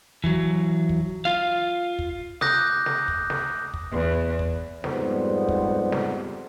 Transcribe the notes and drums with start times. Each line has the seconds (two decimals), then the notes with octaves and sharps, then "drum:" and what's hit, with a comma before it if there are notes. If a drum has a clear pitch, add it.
0.24 E3 F#3, drum: kick
0.89 drum: kick
1.25 F4 F5
1.99 drum: kick
2.41 D6 D#6 F#6 G6 A#6, drum: snare
2.86 drum: snare
3.08 drum: kick
3.30 drum: snare
3.74 drum: kick
3.91 E2
4.39 drum: kick
4.84 F2 G#2 G3 B3 C5, drum: snare
5.49 drum: kick
5.92 drum: snare